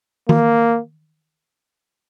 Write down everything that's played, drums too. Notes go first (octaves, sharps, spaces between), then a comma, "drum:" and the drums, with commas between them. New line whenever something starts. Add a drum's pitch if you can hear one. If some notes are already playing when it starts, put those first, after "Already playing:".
A#3, drum: tom D#3